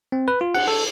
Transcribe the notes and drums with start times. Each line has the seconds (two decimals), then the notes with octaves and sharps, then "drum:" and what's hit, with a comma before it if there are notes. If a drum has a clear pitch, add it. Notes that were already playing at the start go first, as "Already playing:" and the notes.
0.12 C4
0.28 B4
0.41 F4
0.54 F#5, drum: cymbal
0.68 A4